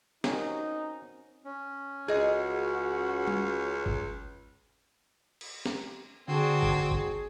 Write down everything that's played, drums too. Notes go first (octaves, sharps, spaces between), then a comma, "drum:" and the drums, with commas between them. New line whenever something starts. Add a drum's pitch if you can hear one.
C4 C#4 D#4 F#4 A#4, drum: snare
C#4
C#2 F#4 G#4 D#5
drum: tom G3
drum: kick G1
drum: cymbal
drum: snare
D3 C4 D4 F#4 G#4
drum: kick G1
G#4, drum: kick G1